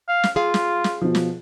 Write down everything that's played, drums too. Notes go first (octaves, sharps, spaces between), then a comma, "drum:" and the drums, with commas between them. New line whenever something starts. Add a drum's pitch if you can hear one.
F5
drum: snare
F4 G#4 F5
drum: snare
drum: snare
B2 F3
drum: snare